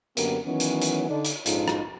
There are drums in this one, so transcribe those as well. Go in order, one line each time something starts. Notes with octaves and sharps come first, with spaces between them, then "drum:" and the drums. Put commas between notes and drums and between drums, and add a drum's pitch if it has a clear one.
F#2 D3 A#3 B3 G4 A#4, drum: hi-hat
D#3 E3 F#3 B3 C#4
drum: hi-hat
drum: hi-hat
D3 D4 D#4
drum: hi-hat
A#1 G#2 C#4 D#4 F4 A4, drum: hi-hat
drum: rim click